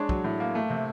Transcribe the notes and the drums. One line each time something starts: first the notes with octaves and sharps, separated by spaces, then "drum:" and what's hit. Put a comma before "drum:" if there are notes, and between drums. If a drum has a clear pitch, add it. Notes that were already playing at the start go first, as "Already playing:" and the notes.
Already playing: G#3 D4 C#5
F#3, drum: kick
A2
A#3
A3
C3